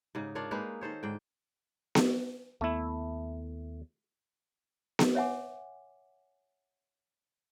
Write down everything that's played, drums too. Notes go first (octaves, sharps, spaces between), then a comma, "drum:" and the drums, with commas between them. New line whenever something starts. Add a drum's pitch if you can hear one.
G#2 C#3 D#4
D4 F4 A#4 C#5
G#3 A#3 D#4 B4
D#3 A4 C5 C#5
G#2 D3 G5
drum: snare B3
D#2 A3 B3 E4
drum: snare B3
C#5 E5 F#5 G#5 D6